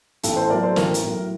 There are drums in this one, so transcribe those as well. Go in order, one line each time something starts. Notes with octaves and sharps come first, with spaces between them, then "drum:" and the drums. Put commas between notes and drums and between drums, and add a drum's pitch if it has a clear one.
A1 A4, drum: hi-hat
A4 C5
A2 F#3 A#4 D5
A4 C5
A1 A#4, drum: snare
drum: hi-hat
A2 F#3